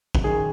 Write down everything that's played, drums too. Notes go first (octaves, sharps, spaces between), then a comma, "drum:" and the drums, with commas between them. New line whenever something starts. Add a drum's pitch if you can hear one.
drum: kick A#1
F#2 D#3 G#4